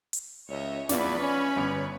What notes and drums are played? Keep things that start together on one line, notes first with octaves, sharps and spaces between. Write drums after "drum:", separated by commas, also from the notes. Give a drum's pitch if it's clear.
drum: hi-hat
C#2 C#5 D#5 E5
E2 F4 B4 D5 B5 C#6, drum: snare
C#4
G1 C#7 F7